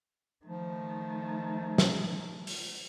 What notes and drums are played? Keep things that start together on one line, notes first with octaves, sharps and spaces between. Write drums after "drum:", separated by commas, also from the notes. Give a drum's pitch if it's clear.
D#3 F3 A3
drum: snare
drum: open hi-hat